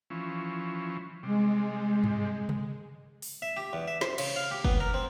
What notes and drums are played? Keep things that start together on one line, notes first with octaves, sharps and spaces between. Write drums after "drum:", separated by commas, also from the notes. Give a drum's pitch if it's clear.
E3 F3 C#4
C3 G3 G#3
drum: tom G2
drum: tom C3
drum: open hi-hat
E5
G4
E2
E5
C5, drum: snare
C#3, drum: cymbal
F5
G4
B3, drum: kick F#1
A#4
C4